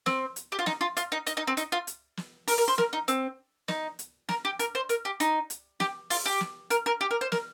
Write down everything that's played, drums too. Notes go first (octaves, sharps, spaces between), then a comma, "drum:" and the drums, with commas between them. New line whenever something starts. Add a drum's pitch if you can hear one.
C4, drum: snare
drum: hi-hat
G4
F4
D#4, drum: snare
F4
F4, drum: hi-hat
D#4
D#4, drum: hi-hat
D#4
C4
D#4, drum: hi-hat
F4
drum: hi-hat
drum: snare
A#4, drum: open hi-hat
A#4
C5
A#4, drum: snare
D#4
C4, drum: hi-hat
D#4, drum: snare
drum: hi-hat
A#4, drum: snare
G4
A#4, drum: hi-hat
C5
A#4, drum: hi-hat
G4
D#4, drum: hi-hat
drum: hi-hat
G4, drum: snare
F4, drum: open hi-hat
G4
drum: snare
A#4, drum: hi-hat
A#4
G4
A#4
C5
A#4, drum: snare